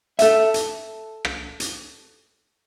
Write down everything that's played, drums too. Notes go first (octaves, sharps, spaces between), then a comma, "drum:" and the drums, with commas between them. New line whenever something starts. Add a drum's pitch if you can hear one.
A4 E5, drum: hi-hat
drum: hi-hat
drum: rim click
drum: hi-hat